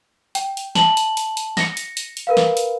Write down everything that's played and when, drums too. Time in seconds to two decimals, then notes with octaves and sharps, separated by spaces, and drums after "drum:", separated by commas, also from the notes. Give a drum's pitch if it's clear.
0.35 G5, drum: hi-hat
0.57 drum: hi-hat
0.75 A5 F#7, drum: snare
0.97 drum: hi-hat
1.17 drum: hi-hat
1.37 drum: hi-hat
1.57 A#6 C#7, drum: snare
1.77 drum: hi-hat
1.97 drum: hi-hat
2.17 drum: hi-hat
2.27 A#4 B4 F5
2.37 drum: snare
2.57 drum: hi-hat